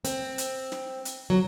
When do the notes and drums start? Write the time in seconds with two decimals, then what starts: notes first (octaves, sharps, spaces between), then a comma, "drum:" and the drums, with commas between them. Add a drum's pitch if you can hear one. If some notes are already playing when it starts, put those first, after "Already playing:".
0.05 C4, drum: hi-hat
0.38 drum: hi-hat
0.72 drum: snare
1.05 drum: hi-hat
1.30 F#3